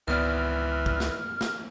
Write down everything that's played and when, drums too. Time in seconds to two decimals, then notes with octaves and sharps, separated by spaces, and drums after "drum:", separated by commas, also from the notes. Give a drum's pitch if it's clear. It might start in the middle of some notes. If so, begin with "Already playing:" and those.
0.08 G#1 C#2 E3 B3 D5 F6
0.86 drum: kick
1.00 drum: snare
1.41 drum: snare